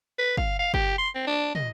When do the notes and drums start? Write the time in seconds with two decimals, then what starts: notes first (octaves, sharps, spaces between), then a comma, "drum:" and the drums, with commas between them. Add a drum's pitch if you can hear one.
0.18 B4
0.37 F5, drum: kick
0.59 F5
0.74 G4, drum: kick
0.98 C6
1.15 C4
1.27 D4
1.55 D#5, drum: tom